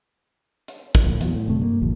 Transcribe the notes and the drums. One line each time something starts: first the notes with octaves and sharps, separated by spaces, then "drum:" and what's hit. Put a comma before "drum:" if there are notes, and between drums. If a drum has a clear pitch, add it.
drum: hi-hat
drum: kick
D1 A#1
E2 F#3, drum: hi-hat
A2
D#1 G2 C3 A3
G2 A3 A#3
G1 D#2 A#2 F3